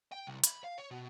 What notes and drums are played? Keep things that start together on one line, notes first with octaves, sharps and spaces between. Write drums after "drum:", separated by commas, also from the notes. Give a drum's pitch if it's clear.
G5
C2
B5, drum: hi-hat
F5
C#5
B2